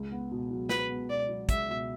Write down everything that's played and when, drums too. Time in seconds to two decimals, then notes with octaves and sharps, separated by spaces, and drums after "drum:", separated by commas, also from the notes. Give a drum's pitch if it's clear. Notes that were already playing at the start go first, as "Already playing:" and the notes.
Already playing: C#2
0.12 B3
0.31 B2
0.50 F#3
0.69 B3 B4, drum: snare
0.90 B3
1.10 B2 D5
1.28 F#3
1.49 C#2 E5, drum: kick, hi-hat
1.69 B2